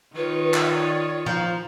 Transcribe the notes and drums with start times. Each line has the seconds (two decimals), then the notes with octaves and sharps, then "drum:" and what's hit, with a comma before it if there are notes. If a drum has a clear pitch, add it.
0.15 D#3 F4 B4 C#5
0.54 drum: clap
0.73 D5
1.26 F3 A#5